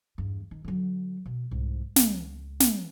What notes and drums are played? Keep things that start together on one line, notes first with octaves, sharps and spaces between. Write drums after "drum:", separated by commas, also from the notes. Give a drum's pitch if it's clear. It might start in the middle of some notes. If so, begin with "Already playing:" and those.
E2 G2
D#3
D3 F#3
B2
C2 G#2
C#2, drum: snare
drum: snare